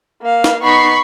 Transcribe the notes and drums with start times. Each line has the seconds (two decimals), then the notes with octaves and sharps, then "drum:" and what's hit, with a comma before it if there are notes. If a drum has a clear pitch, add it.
0.22 A#3 F5
0.44 drum: snare
0.63 B3 D#4 B5 C#6 C7